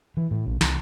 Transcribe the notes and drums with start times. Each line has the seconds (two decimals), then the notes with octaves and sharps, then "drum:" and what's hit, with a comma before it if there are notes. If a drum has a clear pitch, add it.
0.17 E3
0.31 A2
0.46 A#1
0.61 C2, drum: snare